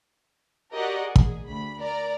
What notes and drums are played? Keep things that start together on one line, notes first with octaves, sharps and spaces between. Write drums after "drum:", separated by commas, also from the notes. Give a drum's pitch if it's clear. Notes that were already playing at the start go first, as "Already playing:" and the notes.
F#4 G4 A#4 D5 D#5 F#5
G#4
drum: kick
D2 B5
A#4 D5 A#5